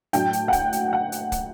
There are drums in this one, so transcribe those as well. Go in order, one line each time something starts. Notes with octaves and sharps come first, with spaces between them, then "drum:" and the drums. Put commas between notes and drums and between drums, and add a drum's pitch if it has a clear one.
A2 F#3 A3 D4 G5, drum: hi-hat
drum: hi-hat
F#5
G5, drum: kick, hi-hat
drum: hi-hat
F#5
drum: hi-hat
drum: kick, hi-hat